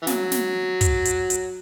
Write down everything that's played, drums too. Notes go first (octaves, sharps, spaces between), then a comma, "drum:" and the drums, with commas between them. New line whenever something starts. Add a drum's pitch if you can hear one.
E3
C#3 F#3, drum: snare
drum: snare
drum: kick, hi-hat
drum: hi-hat
drum: hi-hat